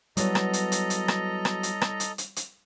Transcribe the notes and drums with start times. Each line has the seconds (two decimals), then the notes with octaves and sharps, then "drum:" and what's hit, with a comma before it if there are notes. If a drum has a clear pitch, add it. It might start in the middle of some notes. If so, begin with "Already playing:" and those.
0.17 F#3 G3 B3 E4 A4 C#5 D#5 A#5, drum: hi-hat
0.35 drum: rim click
0.53 drum: hi-hat
0.72 drum: hi-hat
0.90 drum: hi-hat
1.08 drum: rim click
1.45 drum: rim click
1.63 drum: hi-hat
1.82 drum: rim click
2.00 drum: hi-hat
2.18 drum: hi-hat
2.36 drum: hi-hat